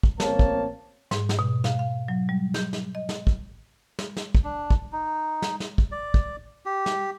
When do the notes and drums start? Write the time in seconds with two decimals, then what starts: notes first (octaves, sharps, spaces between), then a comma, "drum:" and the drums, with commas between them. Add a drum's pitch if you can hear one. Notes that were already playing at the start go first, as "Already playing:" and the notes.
0.03 drum: kick
0.20 A1 A#3 C4 C#5 A5, drum: snare
0.39 drum: kick
1.11 G#2, drum: snare
1.29 drum: snare
1.39 B2
1.64 F5, drum: snare
1.79 F5
2.08 F#3
2.29 G3
2.54 G6, drum: snare
2.73 drum: snare
2.95 D#5
3.09 drum: snare
3.27 drum: kick
3.99 drum: snare
4.17 drum: snare
4.35 drum: kick
4.44 D4
4.70 drum: kick
4.93 D#4
5.42 drum: snare
5.60 drum: snare
5.78 drum: kick
5.92 D5
6.14 drum: kick
6.65 G4
6.86 drum: snare